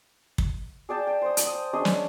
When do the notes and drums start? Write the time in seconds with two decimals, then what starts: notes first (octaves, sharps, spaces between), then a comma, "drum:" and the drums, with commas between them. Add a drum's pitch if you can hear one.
0.38 drum: kick
0.89 G#4 D5 G5 A5
1.07 G5
1.22 C5 D#6
1.37 drum: hi-hat
1.47 D#6
1.73 C#4 D4 G#4 D#5
1.85 drum: snare